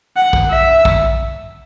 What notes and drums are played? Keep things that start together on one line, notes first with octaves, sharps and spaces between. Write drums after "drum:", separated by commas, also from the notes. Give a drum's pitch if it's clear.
F#5
drum: kick
E5
drum: kick